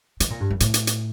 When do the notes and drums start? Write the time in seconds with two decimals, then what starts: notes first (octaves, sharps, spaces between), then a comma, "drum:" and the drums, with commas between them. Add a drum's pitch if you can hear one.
0.20 D#3, drum: hi-hat
0.30 A#2
0.40 G2
0.50 F#2
0.60 A2, drum: hi-hat
0.74 drum: hi-hat
0.87 drum: hi-hat